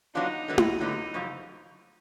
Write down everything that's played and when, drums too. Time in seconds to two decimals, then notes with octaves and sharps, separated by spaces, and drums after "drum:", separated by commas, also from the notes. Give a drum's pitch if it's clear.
0.15 F#3 B3 D4 D#4 F4
0.48 D3 F#3 B3 E4
0.58 drum: tom E4
0.81 D3 F#3 B3 D#4 E4
1.14 F#2 C#3 F3